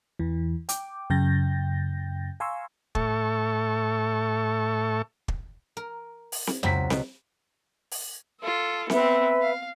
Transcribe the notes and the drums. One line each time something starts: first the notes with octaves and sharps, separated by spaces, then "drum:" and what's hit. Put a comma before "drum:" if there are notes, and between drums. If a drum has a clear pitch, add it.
E2 E3
G5 D6, drum: hi-hat
F#2 C#3 G5 G6 A6 A#6
F5 G#5 A#5 C6 C#6 E6
A2 A4 E5 C#6, drum: kick
drum: kick
A#4
drum: open hi-hat
drum: snare C4
C#2 F#3 C4 E4 B6, drum: tom F2
B2, drum: snare C4
drum: open hi-hat
F4 A4
B3 C4 B4 E5, drum: snare C4
F5